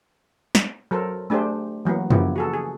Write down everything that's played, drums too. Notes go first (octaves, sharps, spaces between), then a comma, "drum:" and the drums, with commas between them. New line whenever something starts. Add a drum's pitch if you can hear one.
drum: snare
F#3 A4 A#4 C5
A3 D4 G4 G#4 C5
E3 F#3 A#3 B3
C#3 F3 A#3 B3 E4 G4, drum: tom F#2
F#4 G#4 A4
G#4